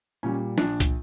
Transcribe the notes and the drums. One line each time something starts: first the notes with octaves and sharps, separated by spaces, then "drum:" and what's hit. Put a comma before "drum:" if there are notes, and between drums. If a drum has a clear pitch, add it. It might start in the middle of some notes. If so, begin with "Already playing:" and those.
A#2 G3 C#4
A#1 D4, drum: snare
drum: kick, hi-hat